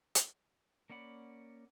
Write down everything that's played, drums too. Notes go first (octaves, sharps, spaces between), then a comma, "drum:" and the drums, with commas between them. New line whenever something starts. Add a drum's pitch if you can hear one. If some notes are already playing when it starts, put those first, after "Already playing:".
drum: hi-hat
A#3 C#4 D5 F#5 B5